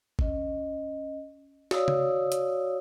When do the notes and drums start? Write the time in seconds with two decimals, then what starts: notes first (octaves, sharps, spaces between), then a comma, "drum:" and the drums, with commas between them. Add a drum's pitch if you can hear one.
0.19 C#4 D#5, drum: kick G#1
1.71 F#4 C#5 D5 F5 D#6 E6, drum: snare
1.88 drum: tom C#3
2.32 drum: hi-hat